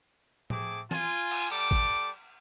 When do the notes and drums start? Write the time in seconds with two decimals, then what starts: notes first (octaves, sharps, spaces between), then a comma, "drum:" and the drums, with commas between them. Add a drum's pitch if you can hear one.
0.50 A3 C4 G#4 D6, drum: tom A2
0.91 F4 G#5, drum: snare E3
1.31 drum: cymbal
1.51 G3 A4 D6
1.71 drum: kick